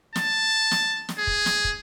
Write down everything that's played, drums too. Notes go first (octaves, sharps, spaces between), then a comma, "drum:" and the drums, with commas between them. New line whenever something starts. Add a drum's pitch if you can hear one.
A5, drum: snare
drum: snare
drum: snare
G#4
drum: kick
drum: snare
drum: kick